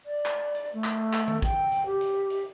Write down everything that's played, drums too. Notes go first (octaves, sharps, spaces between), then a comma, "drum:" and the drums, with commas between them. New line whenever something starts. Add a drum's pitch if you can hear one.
D5
drum: clap
drum: hi-hat
A3
drum: clap
drum: clap
drum: tom D#3
G5, drum: kick, hi-hat
drum: hi-hat
G4
drum: hi-hat
drum: hi-hat